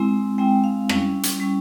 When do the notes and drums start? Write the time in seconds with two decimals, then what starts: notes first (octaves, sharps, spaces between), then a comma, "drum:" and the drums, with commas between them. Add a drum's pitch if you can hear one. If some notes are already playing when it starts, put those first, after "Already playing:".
Already playing: G#3 C4 E4
0.38 G#3 C4 E4 G5
0.64 F5
0.89 G3 C#4 E4, drum: rim click
1.23 drum: hi-hat
1.40 G3 C#4 E4